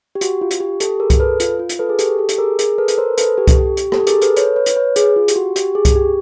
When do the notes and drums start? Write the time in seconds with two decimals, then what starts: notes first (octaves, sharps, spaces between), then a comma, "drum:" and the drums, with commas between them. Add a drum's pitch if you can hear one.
0.15 G4
0.21 F#4, drum: hi-hat
0.41 F4
0.51 drum: hi-hat
0.60 G4
0.80 G4 A4, drum: hi-hat
1.00 G#4 A#4
1.10 drum: kick C2, hi-hat
1.20 A4 B4
1.40 F4, drum: hi-hat
1.59 F4
1.69 drum: hi-hat
1.79 A4 B4
1.89 G#4
1.99 G4 A4, drum: hi-hat
2.19 G4 A4
2.29 drum: hi-hat
2.38 G#4 A#4
2.59 G#4 A#4, drum: hi-hat
2.78 A4 B4
2.88 drum: hi-hat
2.98 A#4 C5
3.18 A4 B4, drum: hi-hat
3.37 G4 A4
3.48 drum: kick C2, hi-hat
3.57 G4
3.77 drum: hi-hat
3.92 G4 A4, drum: rim click
4.07 G#4 A#4, drum: hi-hat
4.22 A4 B4, drum: hi-hat
4.37 B4 C#5, drum: hi-hat
4.56 B4 C#5
4.66 drum: hi-hat
4.76 B4 C#5
4.96 G#4, drum: hi-hat
5.16 F4
5.28 G4, drum: hi-hat
5.36 F#4
5.56 G4, drum: hi-hat
5.75 G#4
5.85 drum: kick C2, hi-hat
5.96 G4